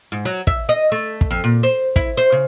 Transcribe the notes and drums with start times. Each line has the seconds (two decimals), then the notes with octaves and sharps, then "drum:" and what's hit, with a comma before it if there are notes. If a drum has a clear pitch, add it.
0.12 G#2
0.25 F#3
0.47 E5, drum: kick
0.69 D#5
0.92 A3
1.21 drum: kick
1.31 F2
1.44 A#2
1.63 C5
1.96 E4, drum: kick
2.17 C5
2.32 C#3